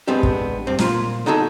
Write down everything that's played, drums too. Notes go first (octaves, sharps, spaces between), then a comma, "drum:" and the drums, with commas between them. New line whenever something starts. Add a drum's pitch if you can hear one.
G#3 B3 C4 D4 G4
drum: kick
G2 C4
A#2 F4 C6, drum: snare
B3 D#4 F#4 G#4 A4